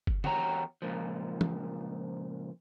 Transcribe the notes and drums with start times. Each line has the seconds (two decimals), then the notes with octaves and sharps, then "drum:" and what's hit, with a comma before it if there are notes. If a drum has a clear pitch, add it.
0.07 drum: kick F#1
0.24 E2 F#4 G4 C#5 A#5, drum: tom
0.82 C#2 A#2 F3
1.41 drum: tom